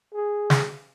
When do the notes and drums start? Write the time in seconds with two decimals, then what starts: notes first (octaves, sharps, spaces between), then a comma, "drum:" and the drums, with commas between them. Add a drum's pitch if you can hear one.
0.14 G#4
0.50 drum: snare